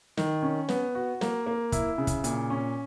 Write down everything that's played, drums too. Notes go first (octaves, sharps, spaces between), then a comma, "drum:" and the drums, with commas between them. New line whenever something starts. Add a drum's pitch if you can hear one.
D#3, drum: snare
C#4
B3, drum: snare
F#4
A#3, drum: snare
A#3
E4, drum: kick, hi-hat
C#3
drum: kick, hi-hat
A#2, drum: hi-hat
C#4